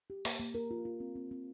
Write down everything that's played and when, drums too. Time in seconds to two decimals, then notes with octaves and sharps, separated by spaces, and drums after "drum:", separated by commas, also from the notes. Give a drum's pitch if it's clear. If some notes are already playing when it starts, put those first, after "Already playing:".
0.10 G4
0.25 A#3, drum: open hi-hat
0.40 A#3
0.55 A#4
0.71 F4
0.85 F4
1.00 C4
1.16 C4
1.31 C4